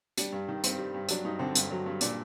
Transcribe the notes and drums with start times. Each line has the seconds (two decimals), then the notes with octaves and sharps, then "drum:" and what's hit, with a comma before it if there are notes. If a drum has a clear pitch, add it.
0.17 G3 D4, drum: hi-hat
0.33 G2
0.48 D#3
0.64 G2 C4, drum: hi-hat
0.78 G3
0.94 G2
1.09 F#3 D4, drum: hi-hat
1.25 G2 D#4
1.39 D3 C4
1.55 G2, drum: hi-hat
1.71 F#3
1.86 G2
2.01 A#2 D4, drum: hi-hat